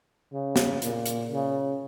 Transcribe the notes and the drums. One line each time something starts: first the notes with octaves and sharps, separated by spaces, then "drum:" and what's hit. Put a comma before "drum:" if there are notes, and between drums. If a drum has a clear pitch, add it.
C#3
drum: snare
A#2, drum: hi-hat
drum: hi-hat
C#3